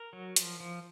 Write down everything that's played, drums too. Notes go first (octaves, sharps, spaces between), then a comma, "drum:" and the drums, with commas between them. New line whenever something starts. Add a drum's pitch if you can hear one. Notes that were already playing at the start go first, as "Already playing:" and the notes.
Already playing: A#4
F#3
F3, drum: hi-hat
F3